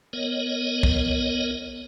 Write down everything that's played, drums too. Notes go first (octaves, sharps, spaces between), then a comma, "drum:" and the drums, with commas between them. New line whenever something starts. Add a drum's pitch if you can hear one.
B3 A#4 C#5 D#5
drum: kick C2